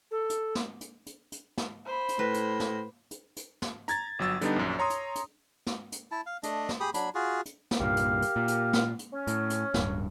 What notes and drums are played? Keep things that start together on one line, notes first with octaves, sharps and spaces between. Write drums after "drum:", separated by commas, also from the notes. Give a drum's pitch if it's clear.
A4
drum: hi-hat
drum: snare
drum: hi-hat
drum: hi-hat
drum: hi-hat
drum: snare
C5 B5
drum: hi-hat
A2 B4
drum: hi-hat
drum: snare
drum: hi-hat
drum: hi-hat
drum: snare
A#5 G#6 A6, drum: hi-hat
G1 F#3 E6 A6
D3 G3 B3 D4 D#4, drum: hi-hat
A#1 F#2
C#5 A#5 C6 D#6
drum: hi-hat
drum: hi-hat
drum: snare
drum: hi-hat
E4 A5
F5
A3 D4 D#5, drum: hi-hat
drum: snare
G4 G#4 B5 D#6
F#3 D4 B5, drum: hi-hat
F4 F#4 G#4
drum: hi-hat
drum: snare
C2 G2 A#2 G4 A#4 F5
drum: hi-hat
drum: hi-hat
A#2
drum: hi-hat
drum: snare
drum: hi-hat
C#4
A2, drum: hi-hat
drum: hi-hat
D1 G2, drum: snare